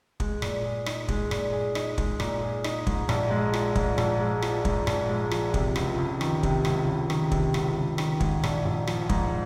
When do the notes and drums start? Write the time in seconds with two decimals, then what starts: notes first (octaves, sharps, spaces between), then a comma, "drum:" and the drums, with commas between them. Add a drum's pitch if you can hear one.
0.20 G#3, drum: kick
0.42 A#2, drum: rim click
0.64 G#4
0.86 D#4, drum: rim click
1.08 G#3, drum: kick
1.31 A#2, drum: rim click
1.53 G#4
1.75 D#4, drum: rim click
1.98 G#3, drum: kick
2.20 A#2, drum: rim click
2.42 G#4
2.64 D#4, drum: rim click
2.87 G#2, drum: kick
3.09 A#1, drum: rim click
3.31 G#3
3.54 F3, drum: rim click
3.75 G#2, drum: kick
3.98 A#1, drum: rim click
4.20 G#3
4.42 F3, drum: rim click
4.65 G#2, drum: kick
4.87 A#1, drum: rim click
5.09 G#3
5.31 F3, drum: rim click
5.54 C3, drum: kick
5.76 C#2, drum: rim click
5.98 C#2
6.21 D#3, drum: rim click
6.43 C3, drum: kick
6.65 C#2, drum: rim click
6.87 C#2
7.10 D#3, drum: rim click
7.32 C3, drum: kick
7.54 C#2, drum: rim click
7.76 C#2
7.98 D#3, drum: rim click
8.20 G#2, drum: kick
8.44 A#1, drum: rim click
8.65 A#1
8.87 F3, drum: rim click
9.09 G#2, drum: kick